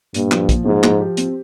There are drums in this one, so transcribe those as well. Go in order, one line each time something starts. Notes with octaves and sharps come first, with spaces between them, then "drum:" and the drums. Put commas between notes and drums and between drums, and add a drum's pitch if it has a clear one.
G2 A#2, drum: hi-hat
F3, drum: clap
A#2, drum: kick, hi-hat
G#2 F3
F3, drum: clap
G4
C4, drum: hi-hat